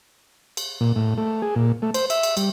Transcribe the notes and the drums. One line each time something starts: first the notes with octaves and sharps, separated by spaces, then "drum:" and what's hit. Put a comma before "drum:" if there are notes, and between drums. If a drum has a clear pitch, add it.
drum: cymbal
A#2
A2
A3
G#4
A#2
A3
C5, drum: cymbal
E5, drum: cymbal
drum: cymbal
G3, drum: cymbal